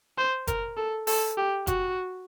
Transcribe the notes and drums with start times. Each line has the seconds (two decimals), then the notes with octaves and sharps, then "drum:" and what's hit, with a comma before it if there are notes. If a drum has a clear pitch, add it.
0.18 C5
0.47 A#4, drum: kick F#1, hi-hat
0.77 A4
1.07 A4, drum: open hi-hat
1.37 G4
1.67 F#4, drum: kick F#1, hi-hat